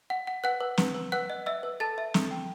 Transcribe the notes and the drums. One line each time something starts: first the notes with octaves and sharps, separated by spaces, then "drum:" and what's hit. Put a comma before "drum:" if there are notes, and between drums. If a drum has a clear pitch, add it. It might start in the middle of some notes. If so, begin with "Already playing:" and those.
F#5
F#5
B4 F#5 F#6
B4
B4, drum: snare
B4
B4 F#5 F#6
D#5
D#5 E5 E6
B4
A4 A5 A6
E5
A4, drum: snare
G5